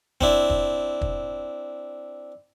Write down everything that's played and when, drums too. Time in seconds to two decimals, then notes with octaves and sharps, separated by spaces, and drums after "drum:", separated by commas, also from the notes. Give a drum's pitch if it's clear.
0.21 C4 D4 E4, drum: kick
0.50 drum: kick
1.01 drum: kick